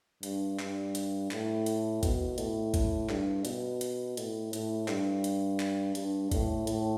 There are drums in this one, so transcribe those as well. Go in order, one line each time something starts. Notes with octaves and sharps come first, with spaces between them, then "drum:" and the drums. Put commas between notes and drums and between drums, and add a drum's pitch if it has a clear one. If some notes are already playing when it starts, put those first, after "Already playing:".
G2, drum: hi-hat
G2, drum: clap
drum: hi-hat
A2, drum: clap
drum: hi-hat
B2, drum: kick, hi-hat
A2, drum: hi-hat
drum: kick, hi-hat
G2, drum: clap
B2, drum: hi-hat
drum: hi-hat
A2, drum: hi-hat
A2, drum: hi-hat
G2, drum: clap
drum: hi-hat
drum: clap
G2, drum: hi-hat
A2, drum: kick, hi-hat
A2, drum: hi-hat